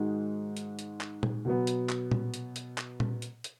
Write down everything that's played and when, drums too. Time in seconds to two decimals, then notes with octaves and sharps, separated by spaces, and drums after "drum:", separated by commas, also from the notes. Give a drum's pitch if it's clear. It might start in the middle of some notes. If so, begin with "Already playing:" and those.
Already playing: G#2 D#3 G#3 D#4 F#4
0.57 drum: hi-hat
0.79 drum: hi-hat
1.01 drum: clap
1.23 drum: tom A#2
1.45 B2 F#3 B3
1.67 drum: hi-hat
1.89 drum: clap
2.11 drum: tom A#2
2.34 drum: hi-hat
2.56 drum: hi-hat
2.78 drum: clap
3.00 drum: tom A#2
3.22 drum: hi-hat
3.44 drum: hi-hat